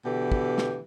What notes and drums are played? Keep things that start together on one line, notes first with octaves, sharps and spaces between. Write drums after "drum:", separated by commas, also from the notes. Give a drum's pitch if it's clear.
B2 D3 E3 G4
drum: kick
drum: snare